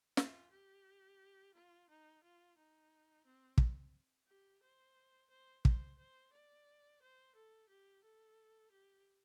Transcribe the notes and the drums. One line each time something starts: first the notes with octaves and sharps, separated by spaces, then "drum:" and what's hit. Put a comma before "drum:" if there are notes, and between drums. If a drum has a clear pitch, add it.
F4, drum: snare
G4
F4
D#4
F4
D#4
C4
drum: kick
G4
C5
C5
C5, drum: kick
C5
D5
C5
A4
G4
A4
G4